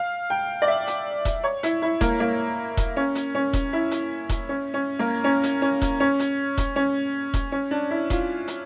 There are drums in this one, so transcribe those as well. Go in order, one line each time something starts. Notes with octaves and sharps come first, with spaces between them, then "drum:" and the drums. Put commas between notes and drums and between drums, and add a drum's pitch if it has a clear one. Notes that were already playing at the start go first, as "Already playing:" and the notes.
Already playing: F5
G5
D5
E5
drum: hi-hat
drum: kick E1, hi-hat
C#5
E4, drum: hi-hat
E4
A#3, drum: kick E1, hi-hat
A#3
drum: kick E1, hi-hat
C#4
drum: hi-hat
C#4
drum: kick E1, hi-hat
E4
drum: hi-hat
drum: kick E1, hi-hat
C#4
C#4
A#3
C#4
drum: hi-hat
C#4
drum: kick E1, hi-hat
C#4
drum: hi-hat
drum: kick E1, hi-hat
C#4
drum: kick E1, hi-hat
C#4
D4
E4
F4, drum: kick E1, hi-hat
drum: hi-hat